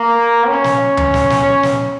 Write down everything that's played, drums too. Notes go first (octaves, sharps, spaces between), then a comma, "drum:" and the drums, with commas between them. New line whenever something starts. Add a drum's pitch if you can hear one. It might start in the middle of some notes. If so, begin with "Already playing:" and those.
Already playing: A#3
C#4
drum: snare
drum: tom D2
drum: snare
drum: snare
drum: snare